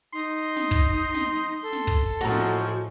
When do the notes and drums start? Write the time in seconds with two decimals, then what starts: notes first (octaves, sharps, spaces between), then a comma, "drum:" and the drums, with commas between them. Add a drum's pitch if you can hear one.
0.13 D#4 C6
0.57 drum: snare
0.71 drum: kick
1.15 drum: snare
1.62 A4
1.73 drum: snare
1.87 drum: kick
2.21 A2 F3 G#3 F#4 A#5
2.31 drum: snare